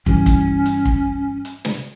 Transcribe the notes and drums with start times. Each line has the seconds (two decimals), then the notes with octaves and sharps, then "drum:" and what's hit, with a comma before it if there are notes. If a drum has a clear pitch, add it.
0.06 G2 E3 C#4, drum: kick
0.26 drum: kick, hi-hat
0.66 drum: hi-hat
0.85 drum: kick
1.45 drum: hi-hat
1.65 drum: snare